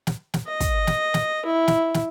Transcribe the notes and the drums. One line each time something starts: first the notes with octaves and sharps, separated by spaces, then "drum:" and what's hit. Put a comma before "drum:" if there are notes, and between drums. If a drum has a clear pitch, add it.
drum: snare
drum: snare
D#5
drum: kick, hi-hat
drum: snare
drum: snare
E4
drum: snare
drum: snare